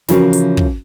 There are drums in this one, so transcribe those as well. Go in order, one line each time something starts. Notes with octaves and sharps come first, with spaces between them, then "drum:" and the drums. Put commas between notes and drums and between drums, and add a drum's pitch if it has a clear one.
C#3 E3 F3 F#4 A#4 B4, drum: snare
drum: hi-hat
drum: kick